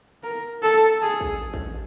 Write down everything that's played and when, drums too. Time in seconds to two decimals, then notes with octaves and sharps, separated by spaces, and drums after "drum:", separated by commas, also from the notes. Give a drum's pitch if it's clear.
0.23 A#4
0.63 A4
1.02 G#4, drum: open hi-hat
1.21 drum: kick
1.54 drum: kick